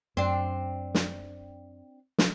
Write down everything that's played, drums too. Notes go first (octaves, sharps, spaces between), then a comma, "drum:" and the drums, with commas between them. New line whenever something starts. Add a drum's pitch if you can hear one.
F#2 C4 D4
drum: snare
drum: snare